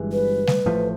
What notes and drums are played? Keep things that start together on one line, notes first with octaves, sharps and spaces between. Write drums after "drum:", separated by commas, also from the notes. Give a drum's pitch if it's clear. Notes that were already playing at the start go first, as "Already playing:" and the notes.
Already playing: G1 G2 E3 G#3
B4
drum: snare G3
A1 A2 F3 A3